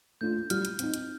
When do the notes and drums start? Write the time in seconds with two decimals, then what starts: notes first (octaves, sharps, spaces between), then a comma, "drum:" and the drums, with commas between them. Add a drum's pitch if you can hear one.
0.21 A3 D4 F4 G6
0.50 G3 F6, drum: hi-hat
0.65 drum: hi-hat
0.79 C4 D#4 F6, drum: hi-hat
0.94 drum: hi-hat